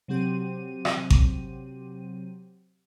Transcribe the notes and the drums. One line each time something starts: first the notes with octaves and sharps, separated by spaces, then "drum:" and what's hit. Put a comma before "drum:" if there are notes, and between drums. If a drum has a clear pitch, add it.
C3 F#3 C4 G4 D#7
drum: rim click
drum: kick G#1